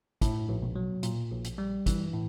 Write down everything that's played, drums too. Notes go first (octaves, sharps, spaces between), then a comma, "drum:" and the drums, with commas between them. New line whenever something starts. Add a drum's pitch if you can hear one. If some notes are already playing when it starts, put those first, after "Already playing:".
A2, drum: kick, hi-hat
A#1
drum: tom B2
F#3
A#2, drum: hi-hat
A#1
drum: hi-hat
G3
E3, drum: kick, hi-hat
A2